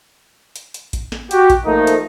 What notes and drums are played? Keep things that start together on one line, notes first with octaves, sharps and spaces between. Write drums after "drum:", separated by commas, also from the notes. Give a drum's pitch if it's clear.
drum: hi-hat
drum: hi-hat
drum: kick A1, hi-hat
drum: snare
F#4 G4, drum: hi-hat
drum: kick A1, hi-hat
F3 A3 A#3 D#4
drum: hi-hat